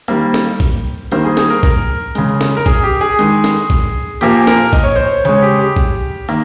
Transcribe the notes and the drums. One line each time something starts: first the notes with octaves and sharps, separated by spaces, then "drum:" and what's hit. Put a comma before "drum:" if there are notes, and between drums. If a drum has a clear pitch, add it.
D#3 G3 A#3 C5, drum: hi-hat
drum: snare
drum: kick, hi-hat
D#3 G3 A#3 C5, drum: hi-hat
G#4
G#4, drum: snare
A#4
A#4, drum: kick, hi-hat
C#3 G#3, drum: hi-hat
drum: snare
A#4
G#4, drum: kick, hi-hat
G4
G#4
D#3 G#3, drum: hi-hat
drum: snare
drum: kick, hi-hat
A#2 F3 A#3 G4, drum: hi-hat
A#4, drum: snare
D#5, drum: kick, hi-hat
C#5
C5
C#5
C#3 G#3 C#5, drum: hi-hat
G4
G4
drum: kick
D#3 A#3, drum: hi-hat